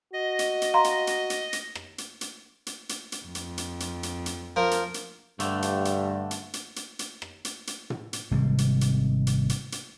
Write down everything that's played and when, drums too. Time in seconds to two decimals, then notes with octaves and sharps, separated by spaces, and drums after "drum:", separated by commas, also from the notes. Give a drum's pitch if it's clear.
0.13 F#4 D#5
0.39 drum: hi-hat
0.62 drum: hi-hat
0.74 F5 A#5 C6
0.84 drum: hi-hat
1.07 drum: hi-hat
1.30 drum: hi-hat
1.53 drum: hi-hat
1.75 drum: rim click
1.98 drum: hi-hat
2.21 drum: hi-hat
2.67 drum: hi-hat
2.89 drum: hi-hat
3.12 drum: hi-hat
3.25 F2
3.35 drum: hi-hat
3.58 drum: hi-hat
3.80 drum: hi-hat
4.03 drum: hi-hat
4.26 drum: hi-hat
4.56 F3 A#4
4.71 drum: hi-hat
4.94 drum: hi-hat
5.40 G2 D3 A3, drum: hi-hat
5.62 drum: hi-hat
5.85 drum: hi-hat
6.31 drum: hi-hat
6.54 drum: hi-hat
6.76 drum: hi-hat
6.99 drum: hi-hat
7.22 drum: rim click
7.45 drum: hi-hat
7.67 drum: hi-hat
7.90 drum: tom
8.13 drum: hi-hat
8.31 G#1 C3 G3 G#3
8.58 drum: hi-hat
8.81 drum: hi-hat
9.27 drum: hi-hat
9.49 drum: hi-hat
9.72 drum: hi-hat